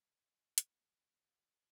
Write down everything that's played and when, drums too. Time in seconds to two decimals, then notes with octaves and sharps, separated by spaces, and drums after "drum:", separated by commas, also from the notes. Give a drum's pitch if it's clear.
0.12 D#5 G#5
0.58 drum: hi-hat
0.67 A#2 G3 B5
1.16 D2 F#3 F#4 D5 F5